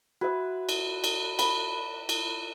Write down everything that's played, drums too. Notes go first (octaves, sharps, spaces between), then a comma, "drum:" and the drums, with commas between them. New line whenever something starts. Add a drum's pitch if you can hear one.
F#4 B4 E5
drum: cymbal
drum: cymbal
B5, drum: cymbal
drum: cymbal